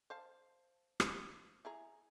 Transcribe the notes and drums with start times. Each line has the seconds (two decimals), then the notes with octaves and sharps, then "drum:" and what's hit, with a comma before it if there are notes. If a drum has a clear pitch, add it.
0.10 C5 F5 A5
1.00 drum: rim click
1.65 E4 G#4 A#5